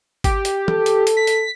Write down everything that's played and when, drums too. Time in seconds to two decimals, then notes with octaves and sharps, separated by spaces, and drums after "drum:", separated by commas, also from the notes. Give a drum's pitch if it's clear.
0.24 G4, drum: kick G#1, hi-hat
0.45 drum: hi-hat
0.68 A4, drum: tom
0.86 drum: hi-hat
1.07 drum: hi-hat
1.17 B6
1.27 drum: hi-hat